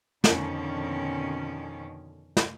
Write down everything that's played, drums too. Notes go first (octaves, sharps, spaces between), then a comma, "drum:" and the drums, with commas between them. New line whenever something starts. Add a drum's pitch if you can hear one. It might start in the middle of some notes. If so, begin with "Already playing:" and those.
F2 B2 D3 D#3 C#4, drum: snare
drum: snare